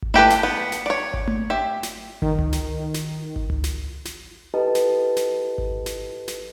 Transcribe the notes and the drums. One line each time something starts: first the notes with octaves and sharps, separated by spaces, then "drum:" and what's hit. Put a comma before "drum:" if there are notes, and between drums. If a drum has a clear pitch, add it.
drum: kick G#1
E4 G4 A4 B4, drum: tom A3
drum: snare
B3
drum: snare
C#5 D5
drum: kick G#1
drum: tom A3
G4 E5
drum: snare
D#3, drum: kick G#1
drum: tom C#2
drum: snare
drum: snare
drum: kick G#1
drum: tom C#2
drum: snare
drum: snare
E4 G4 A4 B4 D#5 A5
drum: snare
drum: snare
drum: kick G#1
drum: snare
drum: snare